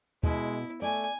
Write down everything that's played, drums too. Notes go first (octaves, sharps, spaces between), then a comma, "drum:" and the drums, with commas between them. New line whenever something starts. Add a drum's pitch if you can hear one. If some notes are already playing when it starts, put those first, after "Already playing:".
B2 G#3 E4, drum: kick D#2
A3 D5 G#5